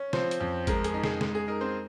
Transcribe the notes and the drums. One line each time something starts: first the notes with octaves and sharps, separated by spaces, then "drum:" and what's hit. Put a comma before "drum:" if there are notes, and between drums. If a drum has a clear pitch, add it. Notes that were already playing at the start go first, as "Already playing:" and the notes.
Already playing: C#4
F3 C4 C5, drum: snare
drum: hi-hat
F2
G#3 A#4, drum: kick G#1, hi-hat
G#4, drum: hi-hat
D#4
G#4, drum: snare
G#3, drum: snare
G#4
D#4 A#4
C4 C5